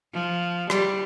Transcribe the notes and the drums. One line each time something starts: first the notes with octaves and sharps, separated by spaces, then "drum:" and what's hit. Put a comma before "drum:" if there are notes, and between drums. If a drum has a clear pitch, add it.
F3
G3, drum: rim click